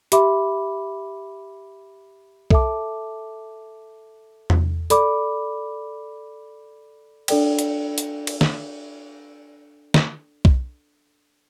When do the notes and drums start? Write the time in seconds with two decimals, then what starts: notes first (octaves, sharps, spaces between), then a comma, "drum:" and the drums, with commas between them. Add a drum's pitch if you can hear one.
0.12 G4 E5 B5 D6, drum: hi-hat
2.51 A4 E5 A5 D6, drum: kick B1
4.50 drum: tom E2
4.90 A4 D5 B5 D6, drum: hi-hat
7.28 D4 A4 D5 G5, drum: cymbal
7.59 drum: hi-hat
7.98 drum: hi-hat
8.27 drum: cymbal
8.41 drum: snare
9.94 drum: snare
10.45 drum: kick B1